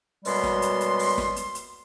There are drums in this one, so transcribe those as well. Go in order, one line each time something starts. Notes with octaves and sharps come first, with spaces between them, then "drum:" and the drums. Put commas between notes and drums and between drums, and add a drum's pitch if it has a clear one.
F#2 B2 G3 G#3 B3 C6, drum: open hi-hat
drum: snare
drum: hi-hat
drum: hi-hat
drum: open hi-hat
drum: snare
drum: hi-hat
drum: hi-hat